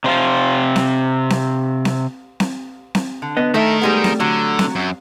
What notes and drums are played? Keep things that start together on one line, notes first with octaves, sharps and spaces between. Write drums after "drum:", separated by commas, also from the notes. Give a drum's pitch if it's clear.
C3 C5 F5
drum: snare C4
drum: snare C4
drum: snare C4
drum: snare C4
drum: snare C4
D3
B3 D#5
D#3 A3 D#4 A4 A#4 E5
G3 G#3 B3
drum: snare C4
D3 F#3
drum: snare C4
F#2